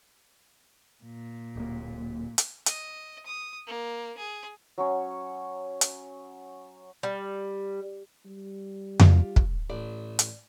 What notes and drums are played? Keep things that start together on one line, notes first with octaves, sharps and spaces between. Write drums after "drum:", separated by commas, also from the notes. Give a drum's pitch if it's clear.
A#2
D1 A#3
drum: hi-hat
D#5, drum: hi-hat
D#6
A#3
G#4
F#3 C#4 C#5
drum: hi-hat
G3
G3
F4 G4, drum: tom F2
drum: kick
A1 D5
drum: hi-hat